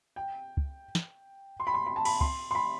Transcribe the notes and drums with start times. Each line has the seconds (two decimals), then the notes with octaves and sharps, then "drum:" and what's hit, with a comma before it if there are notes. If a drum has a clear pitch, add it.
0.16 G5
0.57 drum: kick
0.95 drum: snare
1.60 C6
1.67 B5
1.74 C6
1.86 B5
1.96 A5
2.05 B5, drum: cymbal
2.21 C6, drum: kick
2.51 C6
2.55 B5